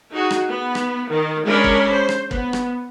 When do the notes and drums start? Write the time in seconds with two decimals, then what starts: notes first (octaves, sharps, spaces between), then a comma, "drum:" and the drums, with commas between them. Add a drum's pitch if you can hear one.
0.12 D#4 F#4 G#4
0.31 drum: rim click
0.49 B3
0.75 drum: rim click
1.10 D#3
1.46 G#3 C#4 D4 A#4 B5
1.64 drum: kick
1.92 C5
2.09 drum: rim click
2.31 B3, drum: kick
2.53 drum: rim click